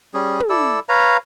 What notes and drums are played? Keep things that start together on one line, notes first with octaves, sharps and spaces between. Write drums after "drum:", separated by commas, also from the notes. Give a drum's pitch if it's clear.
G3 C#4 G#4
drum: tom
E4 A4 D5 E6
B4 C#5 F5 A#5